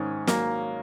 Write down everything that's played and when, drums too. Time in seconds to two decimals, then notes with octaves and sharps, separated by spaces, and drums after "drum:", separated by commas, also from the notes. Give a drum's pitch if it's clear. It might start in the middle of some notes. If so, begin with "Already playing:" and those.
Already playing: G#2 D#3 C#4
0.27 F#3 A#3, drum: snare